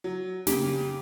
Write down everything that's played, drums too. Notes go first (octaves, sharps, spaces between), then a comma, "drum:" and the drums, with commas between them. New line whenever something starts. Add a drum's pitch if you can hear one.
F#3
C#3 A#3 G4, drum: snare